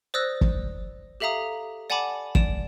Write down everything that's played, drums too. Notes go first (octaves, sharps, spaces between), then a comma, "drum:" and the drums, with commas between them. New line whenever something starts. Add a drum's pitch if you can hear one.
C5 D5 D#6 E6 F#6 A#6
drum: kick
G4 A4 E5 F5 A#5 D#6
D5 F#5 G#5 A5 B5 D6
D5 D7 E7, drum: kick